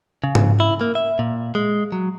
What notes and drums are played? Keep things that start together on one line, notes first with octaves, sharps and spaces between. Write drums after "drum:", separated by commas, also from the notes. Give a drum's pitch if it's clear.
C#3
drum: tom G#2
E4
A#3
E5
A#2
G#3
F#3